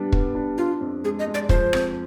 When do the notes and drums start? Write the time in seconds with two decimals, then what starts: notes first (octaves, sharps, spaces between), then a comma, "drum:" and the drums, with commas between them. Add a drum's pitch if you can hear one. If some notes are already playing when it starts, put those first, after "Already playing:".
Already playing: G3 B3 D4
0.12 B3, drum: kick
0.35 D4
0.58 D4 F4
0.81 F2
1.04 G#3 G#4
1.19 D#5
1.27 G#3
1.34 D5
1.49 F3 C5, drum: kick
1.73 F2, drum: rim click